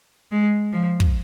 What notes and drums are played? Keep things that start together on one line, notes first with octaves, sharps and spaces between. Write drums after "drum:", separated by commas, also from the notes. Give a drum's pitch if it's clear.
G#3
F3
drum: kick